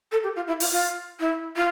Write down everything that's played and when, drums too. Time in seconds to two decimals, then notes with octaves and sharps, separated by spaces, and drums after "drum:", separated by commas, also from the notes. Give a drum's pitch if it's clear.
0.11 A4
0.23 G4
0.36 F4
0.47 E4
0.60 F4, drum: open hi-hat
0.72 F4
1.20 E4
1.56 F4